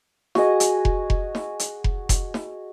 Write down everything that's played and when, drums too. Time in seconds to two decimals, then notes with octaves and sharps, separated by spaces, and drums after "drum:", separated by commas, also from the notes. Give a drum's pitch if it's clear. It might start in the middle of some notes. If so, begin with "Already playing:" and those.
0.35 F#4 G#4 D#5, drum: snare
0.60 drum: hi-hat
0.85 drum: kick F1
1.10 drum: kick F1
1.35 drum: snare
1.59 drum: hi-hat
1.84 drum: kick F1
2.09 drum: kick F1, hi-hat
2.34 drum: snare